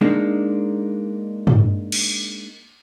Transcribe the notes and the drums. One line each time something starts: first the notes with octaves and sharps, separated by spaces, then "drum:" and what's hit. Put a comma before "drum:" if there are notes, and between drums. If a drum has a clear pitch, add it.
G#3 A#3 D4 D#4
drum: tom
drum: cymbal